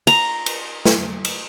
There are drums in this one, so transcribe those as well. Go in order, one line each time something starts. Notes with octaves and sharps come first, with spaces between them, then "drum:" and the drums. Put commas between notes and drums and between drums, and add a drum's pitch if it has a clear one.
A#5, drum: cymbal
drum: cymbal
drum: snare
drum: cymbal